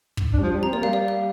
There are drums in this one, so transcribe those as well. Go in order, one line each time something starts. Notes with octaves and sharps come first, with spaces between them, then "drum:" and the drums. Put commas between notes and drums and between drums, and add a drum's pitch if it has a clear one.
drum: kick
D4
G3
F3
G3
C4 A#5
A#3 D5
G3 F5
D5
F5